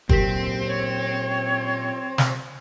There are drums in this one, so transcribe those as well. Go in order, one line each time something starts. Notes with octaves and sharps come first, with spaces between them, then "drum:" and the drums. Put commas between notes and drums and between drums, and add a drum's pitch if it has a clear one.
A#2 F#3 C4 G4 A#4 B6, drum: kick
C#5
drum: snare